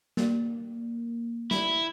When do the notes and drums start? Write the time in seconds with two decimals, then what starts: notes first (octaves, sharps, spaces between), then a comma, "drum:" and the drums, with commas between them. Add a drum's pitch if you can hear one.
0.17 A#3, drum: snare
1.51 E4, drum: snare